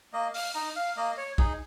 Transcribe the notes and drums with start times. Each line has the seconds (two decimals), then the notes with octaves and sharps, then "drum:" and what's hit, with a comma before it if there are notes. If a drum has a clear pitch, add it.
0.13 A#3 D#5
0.34 F5, drum: open hi-hat
0.55 D#4 A#5
0.76 F5
0.97 A#3 D#5
1.18 C#5
1.38 D#4 G#4, drum: kick